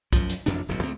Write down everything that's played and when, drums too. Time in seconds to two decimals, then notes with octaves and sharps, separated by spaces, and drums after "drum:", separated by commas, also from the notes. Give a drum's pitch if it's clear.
0.13 F#2 F3, drum: kick, hi-hat
0.30 drum: hi-hat
0.46 A1 F2 C3 D4, drum: hi-hat
0.68 D1 B1 G2 B2
0.83 C#2 A3 C4